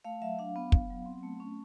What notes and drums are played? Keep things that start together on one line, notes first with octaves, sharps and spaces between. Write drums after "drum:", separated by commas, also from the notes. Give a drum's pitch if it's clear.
A3 F5
F#3 E5
D4 F5
B3
B3, drum: kick
F#3
C4
A3
C#4